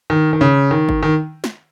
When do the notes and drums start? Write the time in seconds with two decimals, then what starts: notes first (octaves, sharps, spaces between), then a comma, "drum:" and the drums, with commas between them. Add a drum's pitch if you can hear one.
0.10 D#3
0.33 D#3
0.41 C#3
0.71 D#3
0.89 drum: kick G1
1.03 D#3
1.44 drum: snare